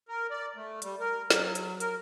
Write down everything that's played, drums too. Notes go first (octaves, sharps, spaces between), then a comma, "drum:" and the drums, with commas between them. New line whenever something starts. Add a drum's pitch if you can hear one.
A#4
D5
A3
G3, drum: hi-hat
A#4
F#3, drum: snare
drum: hi-hat
A#4, drum: hi-hat